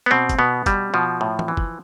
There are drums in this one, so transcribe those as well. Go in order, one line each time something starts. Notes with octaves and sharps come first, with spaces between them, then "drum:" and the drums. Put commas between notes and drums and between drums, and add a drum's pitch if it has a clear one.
B3
B2 C4
drum: kick, hi-hat
B2 B3
B2 G3, drum: kick, hi-hat
B2 F3
A2
drum: tom E3
E3
drum: kick